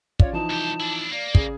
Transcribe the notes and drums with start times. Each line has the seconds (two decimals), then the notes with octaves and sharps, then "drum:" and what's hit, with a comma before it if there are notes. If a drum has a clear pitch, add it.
0.20 C#4 F4 C#5 D5, drum: kick
0.33 E3 F3 D#4 A5
0.50 C2 G4
0.80 D4 E4
1.12 A#3 D5
1.35 C#3 G#4, drum: kick